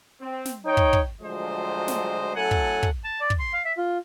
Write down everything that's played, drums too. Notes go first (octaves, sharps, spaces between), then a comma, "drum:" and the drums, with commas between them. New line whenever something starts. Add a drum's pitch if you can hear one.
C4
drum: snare
D#4 C#5 G5
drum: kick
drum: kick
D2 F3 F#3 G#3 C5 D#5
drum: snare
A2 F#3 C#4 A4 F#5 G#5
drum: kick
drum: kick
A5
D5
drum: kick
C6
F5
E5
F4